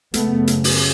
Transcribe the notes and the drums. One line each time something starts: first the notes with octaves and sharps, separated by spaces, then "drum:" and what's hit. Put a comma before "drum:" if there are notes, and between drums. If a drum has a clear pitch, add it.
F#2 C#3 A3 B3, drum: hi-hat
drum: hi-hat
drum: open hi-hat